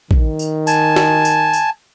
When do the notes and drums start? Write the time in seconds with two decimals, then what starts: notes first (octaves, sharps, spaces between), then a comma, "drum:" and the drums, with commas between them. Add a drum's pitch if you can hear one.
0.11 D#3, drum: kick
0.39 drum: tambourine
0.67 G#5 A5, drum: tambourine
0.96 drum: snare
1.25 drum: tambourine
1.53 drum: tambourine